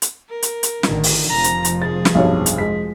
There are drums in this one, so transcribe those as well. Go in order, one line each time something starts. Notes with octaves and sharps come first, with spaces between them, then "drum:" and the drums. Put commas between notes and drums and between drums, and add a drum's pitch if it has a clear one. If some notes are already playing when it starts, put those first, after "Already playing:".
drum: hi-hat
A#4
drum: hi-hat
drum: hi-hat
A1 D3 D#3, drum: snare
drum: open hi-hat
F1 F3 A#5
drum: hi-hat
drum: hi-hat
G#4 A6
drum: snare
B1 G2 C#5
drum: hi-hat
G#3 B6